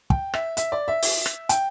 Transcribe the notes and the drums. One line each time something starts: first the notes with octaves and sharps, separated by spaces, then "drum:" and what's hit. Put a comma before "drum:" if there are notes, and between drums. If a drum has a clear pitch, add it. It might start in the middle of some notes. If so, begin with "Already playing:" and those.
G5, drum: kick
E5, drum: rim click
E5, drum: hi-hat
D5
E5
drum: open hi-hat
drum: rim click
G5, drum: hi-hat